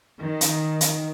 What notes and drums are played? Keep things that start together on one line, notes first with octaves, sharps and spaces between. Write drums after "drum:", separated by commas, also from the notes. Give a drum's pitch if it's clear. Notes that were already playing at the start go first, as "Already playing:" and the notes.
D#3
drum: hi-hat
drum: hi-hat